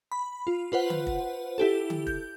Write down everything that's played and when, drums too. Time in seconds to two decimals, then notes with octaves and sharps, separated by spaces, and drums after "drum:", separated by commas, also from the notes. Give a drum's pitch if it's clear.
0.12 B5
0.47 F4
0.72 F4 B4 C5 F#5
0.90 drum: tom D3
1.07 drum: kick
1.58 E4 G4 A4
1.90 drum: tom D3
2.07 G6, drum: kick